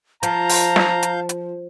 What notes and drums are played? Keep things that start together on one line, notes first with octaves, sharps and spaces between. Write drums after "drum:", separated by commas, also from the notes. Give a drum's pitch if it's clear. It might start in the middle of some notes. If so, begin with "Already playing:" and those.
F3 F5 A5 A#5 G6, drum: hi-hat
drum: open hi-hat
drum: snare
drum: hi-hat
drum: hi-hat